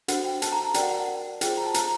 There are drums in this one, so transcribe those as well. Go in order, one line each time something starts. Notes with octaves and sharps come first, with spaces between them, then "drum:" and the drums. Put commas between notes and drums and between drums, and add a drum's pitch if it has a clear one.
D4 F#4 A4 C5 F#5, drum: hi-hat
G5
A5, drum: hi-hat
A#5
A5
F#4 A#4 D5 G5, drum: hi-hat
F#5
G5
F#5
F4 G#4 C5 G5, drum: hi-hat
A#5
A5
A#5, drum: hi-hat